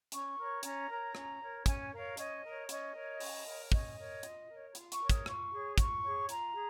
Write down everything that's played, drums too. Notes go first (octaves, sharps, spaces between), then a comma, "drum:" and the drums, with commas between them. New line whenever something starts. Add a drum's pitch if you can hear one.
C#4 C#6, drum: hi-hat
A#4 C#5
C#4 A#5, drum: hi-hat
A#4 C#5
C#4, drum: rim click
A#4 C#5
C#4 G#5, drum: kick, hi-hat
A#4 C#5 F5
C#4 D#5, drum: hi-hat
A#4 C#5
C#4 D#5, drum: hi-hat
A#4 C#5
C#4, drum: open hi-hat
A#4 C#5
C#4 D#5, drum: kick
A#4 C#5
F4, drum: hi-hat
A#4 C#5
F4, drum: hi-hat
C#6, drum: hi-hat
A#4 C#5
D#6, drum: kick, hi-hat
F4 C#6, drum: rim click
G#4 C#5
F4 C#6, drum: kick, hi-hat
G#4 C#5
F4 A#5, drum: hi-hat
G#4